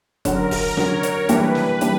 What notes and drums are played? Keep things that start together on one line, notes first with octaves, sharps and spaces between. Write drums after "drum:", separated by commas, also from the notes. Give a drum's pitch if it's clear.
D3 F#3 C#4 F#4 A#4, drum: kick E1, hi-hat
drum: kick E1, open hi-hat
D3 F#3 C#4 F#4 C#5, drum: snare
drum: hi-hat
E3 G3 A#3 D4 G4 B4, drum: hi-hat
drum: snare
E3 G3 A#3 D4 G4, drum: hi-hat